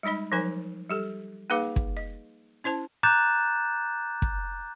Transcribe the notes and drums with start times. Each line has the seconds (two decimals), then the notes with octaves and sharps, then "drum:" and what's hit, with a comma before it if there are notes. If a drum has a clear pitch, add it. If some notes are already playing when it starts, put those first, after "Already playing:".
0.03 G3 G#3 D#4 D#5 B5
0.32 F3 F#3 D#4 A#4 C5 G#5
0.90 G3 G4 A4
1.50 A#3 D#4 G#4 B4 F5 D6
1.76 drum: kick
1.97 D#5
2.64 C#4 E4 C5 A5
3.03 A#5 D6 F#6 G6 A6 E7
4.22 drum: kick